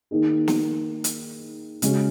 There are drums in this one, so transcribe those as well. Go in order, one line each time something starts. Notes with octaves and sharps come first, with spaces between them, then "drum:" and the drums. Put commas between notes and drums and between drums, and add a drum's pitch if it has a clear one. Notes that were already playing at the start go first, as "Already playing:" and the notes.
D#3 A#3 D#4 G#4
drum: snare
drum: hi-hat
C#3 G#3 C#4 F#4, drum: hi-hat